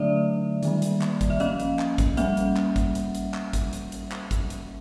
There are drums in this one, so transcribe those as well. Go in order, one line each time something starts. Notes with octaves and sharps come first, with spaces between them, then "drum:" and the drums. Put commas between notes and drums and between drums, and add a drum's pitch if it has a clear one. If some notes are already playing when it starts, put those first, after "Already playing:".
Already playing: D3 F#3 A3 D4 D5 E5
D#3 G3 A#3, drum: hi-hat
drum: hi-hat
drum: clap
drum: kick G#1, hi-hat
E5
F3 A#3 C#4 D#5 F5, drum: hi-hat
drum: hi-hat
drum: clap
drum: kick G#1, hi-hat
G3 A#3 C#4 E5 F#5, drum: hi-hat
drum: hi-hat
drum: clap
drum: kick G#1, hi-hat
drum: hi-hat
drum: hi-hat
drum: clap
drum: kick G#1, hi-hat
drum: hi-hat
drum: hi-hat
drum: clap
drum: kick G#1, hi-hat
drum: hi-hat